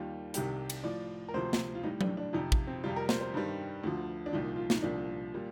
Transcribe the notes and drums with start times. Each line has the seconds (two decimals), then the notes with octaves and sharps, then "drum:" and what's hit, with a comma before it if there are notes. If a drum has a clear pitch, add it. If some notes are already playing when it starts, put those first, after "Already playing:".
Already playing: D#2 D#3 G3 F4
0.34 C2 C3 D#3 G3 G4, drum: hi-hat
0.70 drum: cymbal
0.84 A2 F3 D5
1.28 A#4
1.34 D2 C3 F3 C5
1.53 drum: snare
1.75 F4
1.83 A2 G3 D#4
2.01 D4, drum: tom F#3
2.17 D4
2.33 F2 C3 F3 D#4
2.52 drum: kick
2.67 C4
2.84 F2 C3 G3 F4
2.96 A#4
3.09 C5, drum: snare
3.21 C5
3.34 G2 D#3 G3
3.83 D2 D3 F3
4.26 D4
4.33 C2 A#2 F3 D#4
4.56 F4
4.70 D#4, drum: snare
4.82 C2 A#2 F3 D4
5.34 A#2 G3